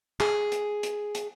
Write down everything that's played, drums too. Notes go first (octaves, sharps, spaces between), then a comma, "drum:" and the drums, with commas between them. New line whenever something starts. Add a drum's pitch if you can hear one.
G#4, drum: clap
drum: hi-hat
drum: hi-hat
drum: hi-hat